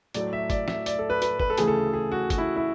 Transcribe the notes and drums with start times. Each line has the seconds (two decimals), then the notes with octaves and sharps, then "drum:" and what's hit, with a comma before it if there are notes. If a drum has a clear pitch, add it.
0.14 A2 F#3 A3 D5, drum: hi-hat
0.33 E5
0.50 D5, drum: kick G1, hi-hat
0.68 E5, drum: snare
0.86 D5, drum: hi-hat
0.99 A4
1.10 B4
1.22 B4, drum: hi-hat
1.40 B4, drum: kick G1
1.50 A4
1.58 D2 C#3 E3 A3 G#4, drum: hi-hat
1.68 A4
1.93 G#4
2.12 F#4
2.30 F#4, drum: kick G1, hi-hat
2.38 E4
2.56 E4